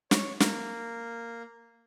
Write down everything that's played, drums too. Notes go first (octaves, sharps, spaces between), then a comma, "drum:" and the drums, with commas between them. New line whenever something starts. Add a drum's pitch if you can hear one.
C#5, drum: snare
A#3, drum: snare